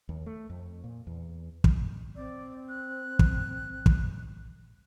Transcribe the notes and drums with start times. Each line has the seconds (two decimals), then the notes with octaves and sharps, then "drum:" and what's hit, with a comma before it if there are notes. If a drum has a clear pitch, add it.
0.09 D#2
0.26 A3
0.50 F2
0.84 A#2
1.07 E2
1.64 drum: kick
2.15 C4 D5
2.69 F#6
3.19 drum: kick
3.86 drum: kick